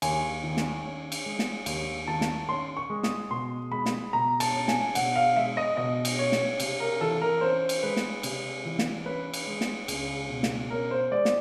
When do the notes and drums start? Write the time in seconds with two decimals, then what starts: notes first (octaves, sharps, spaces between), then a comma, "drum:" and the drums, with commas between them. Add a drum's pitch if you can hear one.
0.02 D#2 G#5, drum: cymbal
0.44 D#3
0.57 drum: snare
0.84 C#4
1.12 drum: cymbal
1.26 G#3
1.39 drum: snare
1.66 D#2, drum: cymbal
2.08 D#3 A5
2.21 drum: snare
2.49 C#4 C6
2.77 C#6
2.90 G#3
3.03 D#6, drum: snare
3.31 B2 C6
3.71 G#3 B5
3.86 drum: snare
4.13 B2 A#5
4.40 A5, drum: cymbal
4.54 C#4
4.68 G#5, drum: snare
4.95 B2 F#5, drum: cymbal
5.16 F5
5.36 G#3 E5
5.57 D#5
5.77 B2 D#5
6.05 drum: cymbal
6.19 C#4 C#5
6.32 drum: snare
6.60 C3, drum: cymbal
6.80 A#4
7.01 E3 A4
7.22 A#4
7.41 C#4 C5
7.69 drum: cymbal
7.83 G#3 B4
7.97 drum: snare
8.23 C3, drum: cymbal
8.65 E3
8.79 drum: snare
9.06 C#4 B4
9.33 drum: cymbal
9.47 G#3
9.61 drum: snare
9.88 C#2, drum: cymbal
10.29 B2
10.43 drum: snare
10.70 C#4 A#4
10.91 C5
11.11 G#3 D5
11.25 drum: snare